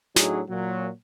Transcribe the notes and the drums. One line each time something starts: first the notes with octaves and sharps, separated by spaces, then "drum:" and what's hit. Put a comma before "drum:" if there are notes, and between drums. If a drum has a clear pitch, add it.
A2 F#3 D4 D#4 F#4 G#4, drum: snare
A#2 F#3